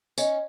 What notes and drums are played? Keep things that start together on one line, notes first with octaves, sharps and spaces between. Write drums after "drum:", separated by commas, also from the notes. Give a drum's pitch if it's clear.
C#4 D#4, drum: tambourine